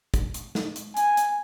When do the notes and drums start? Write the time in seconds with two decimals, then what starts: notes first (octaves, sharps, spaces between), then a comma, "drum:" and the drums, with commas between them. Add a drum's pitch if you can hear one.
0.14 drum: kick, hi-hat
0.34 drum: hi-hat
0.55 drum: snare
0.76 drum: hi-hat
0.97 G#5, drum: hi-hat
1.17 drum: hi-hat